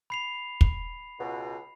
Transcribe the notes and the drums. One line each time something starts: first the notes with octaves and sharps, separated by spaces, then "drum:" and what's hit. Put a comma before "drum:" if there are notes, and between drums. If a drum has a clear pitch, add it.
B5 C7 F7
drum: kick
C#2 B2